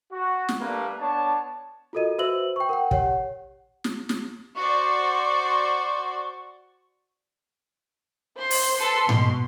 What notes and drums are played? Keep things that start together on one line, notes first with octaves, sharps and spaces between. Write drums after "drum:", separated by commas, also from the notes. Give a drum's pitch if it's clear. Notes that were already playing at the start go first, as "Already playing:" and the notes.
F#4
drum: snare
G3 A3 A#3 D4 B4
B3 D4 C#5 A5
F4 F#4 A4 A#4 D#5 D#7
F#4 B4 C5 E5 E6 F#7
G5 C#6
A#4 F#5 G5
G4 C#5 F#5, drum: kick
drum: snare
drum: snare
F#4 C5 D5 C#6
C5 C6
drum: open hi-hat
A4 B4 C6
B2, drum: tom G#2